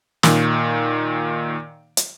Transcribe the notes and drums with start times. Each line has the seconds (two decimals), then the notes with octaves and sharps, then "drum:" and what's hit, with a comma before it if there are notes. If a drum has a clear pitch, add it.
0.23 A#2 D#3, drum: snare
1.97 drum: hi-hat